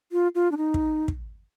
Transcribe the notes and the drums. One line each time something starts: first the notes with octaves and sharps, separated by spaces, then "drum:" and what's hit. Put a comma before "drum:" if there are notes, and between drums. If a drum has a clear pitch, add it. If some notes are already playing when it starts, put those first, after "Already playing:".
F4
F4
D4
D#4
drum: kick
drum: kick